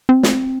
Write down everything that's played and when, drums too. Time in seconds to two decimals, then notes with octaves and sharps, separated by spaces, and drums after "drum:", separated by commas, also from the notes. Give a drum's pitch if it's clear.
0.09 C4
0.23 drum: snare